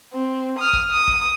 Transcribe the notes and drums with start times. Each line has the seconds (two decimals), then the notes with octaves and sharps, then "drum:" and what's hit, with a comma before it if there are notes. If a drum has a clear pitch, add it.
0.13 C4
0.59 D#6 F6
0.73 drum: kick
0.90 D#6
1.08 drum: kick